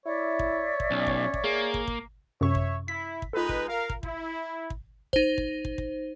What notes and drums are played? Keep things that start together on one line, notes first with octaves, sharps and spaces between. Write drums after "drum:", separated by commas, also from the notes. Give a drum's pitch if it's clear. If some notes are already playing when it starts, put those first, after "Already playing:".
E4 C#5 D5 E5
drum: kick
drum: kick
B1 C#4
drum: kick
drum: kick
A#3 G#4
drum: kick
drum: kick
F#2 C3 C#5 E5 C#6
drum: kick
E4 B6
drum: kick
G#3 D#4 F4 A4 B4
drum: kick
A#4 F5
drum: kick
E4, drum: kick
drum: kick
D#4 C5, drum: kick
drum: kick
drum: kick
drum: kick